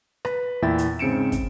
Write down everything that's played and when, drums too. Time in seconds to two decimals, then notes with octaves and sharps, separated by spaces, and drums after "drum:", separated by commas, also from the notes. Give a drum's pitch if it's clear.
0.25 B4, drum: rim click
0.62 E2 A#2 E4 E5 G5 A6
0.78 drum: hi-hat
0.99 G#2 C#3 C4 C#7 D7 E7
1.32 drum: kick, hi-hat